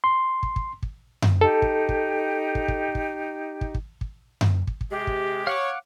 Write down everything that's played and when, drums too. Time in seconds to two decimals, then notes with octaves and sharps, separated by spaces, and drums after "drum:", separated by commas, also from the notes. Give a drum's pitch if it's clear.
0.04 C6
0.43 drum: kick
0.56 drum: kick
0.83 drum: kick
1.22 drum: tom F#2
1.41 D#4 G4 A4
1.62 drum: kick
1.89 drum: kick
2.55 drum: kick
2.68 drum: kick
2.95 drum: kick
3.61 drum: kick
3.74 drum: kick
4.01 drum: kick
4.41 drum: tom F#2
4.67 drum: kick
4.81 drum: kick
4.91 C3 G#3 G4
5.07 drum: kick
5.47 C#5 F5 F#5 D6